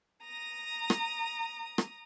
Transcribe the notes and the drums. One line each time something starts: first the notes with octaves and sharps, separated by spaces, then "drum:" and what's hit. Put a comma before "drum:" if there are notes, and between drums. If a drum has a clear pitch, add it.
A#5 D#6
drum: rim click
drum: rim click